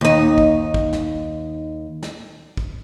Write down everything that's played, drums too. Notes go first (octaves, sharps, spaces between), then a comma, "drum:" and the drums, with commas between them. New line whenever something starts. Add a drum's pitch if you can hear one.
D#2 D#4
drum: kick
drum: kick
drum: snare
drum: snare
drum: kick